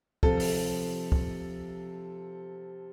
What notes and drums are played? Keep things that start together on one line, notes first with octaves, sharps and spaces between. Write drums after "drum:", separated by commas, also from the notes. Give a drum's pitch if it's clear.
C3 F3 A4, drum: kick
drum: open hi-hat
drum: kick